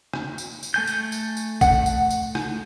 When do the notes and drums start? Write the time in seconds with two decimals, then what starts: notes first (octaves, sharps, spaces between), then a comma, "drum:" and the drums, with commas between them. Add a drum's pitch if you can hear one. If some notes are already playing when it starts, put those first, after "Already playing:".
0.13 drum: rim click
0.38 drum: tambourine
0.63 drum: tambourine
0.74 A3 G#5 G6
0.87 drum: tambourine
1.12 drum: tambourine
1.37 drum: tambourine
1.61 F#5, drum: kick, tambourine
1.86 drum: tambourine
2.10 drum: tambourine
2.35 drum: rim click